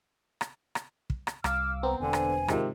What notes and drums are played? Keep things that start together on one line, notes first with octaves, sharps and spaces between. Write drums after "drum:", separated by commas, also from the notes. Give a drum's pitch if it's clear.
drum: rim click
drum: rim click
drum: kick
drum: rim click
C2 F5 D6 E6 F6, drum: rim click
B3 C4 A#5
E1 D3 D4 G#5
drum: rim click
G#2 C3 D#3 F3, drum: rim click